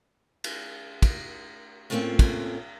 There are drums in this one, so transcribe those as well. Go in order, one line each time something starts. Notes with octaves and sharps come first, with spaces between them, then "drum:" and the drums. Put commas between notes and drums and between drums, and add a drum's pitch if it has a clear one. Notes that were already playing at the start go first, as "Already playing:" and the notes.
drum: cymbal
drum: kick, cymbal
A2 A3 A#3 C4 C#4 F4
drum: kick, cymbal